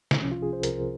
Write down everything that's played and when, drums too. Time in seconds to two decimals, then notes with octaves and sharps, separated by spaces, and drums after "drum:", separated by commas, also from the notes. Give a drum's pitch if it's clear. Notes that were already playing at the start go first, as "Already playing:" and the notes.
0.11 drum: snare
0.22 C2 C3 F3 C#4
0.32 F4
0.42 G#4
0.53 C5
0.63 C2 C3 F3 A#4, drum: hi-hat